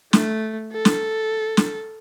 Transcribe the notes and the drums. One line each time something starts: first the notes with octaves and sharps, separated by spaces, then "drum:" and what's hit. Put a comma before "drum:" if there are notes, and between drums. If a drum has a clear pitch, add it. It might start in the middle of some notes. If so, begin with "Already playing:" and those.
A3, drum: snare
A4
drum: snare
drum: snare